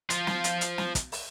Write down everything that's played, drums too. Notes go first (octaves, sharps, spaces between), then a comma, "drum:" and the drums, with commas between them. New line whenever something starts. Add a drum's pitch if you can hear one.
F3 F4, drum: hi-hat
drum: snare
drum: hi-hat
drum: hi-hat
drum: snare
drum: kick, hi-hat
drum: open hi-hat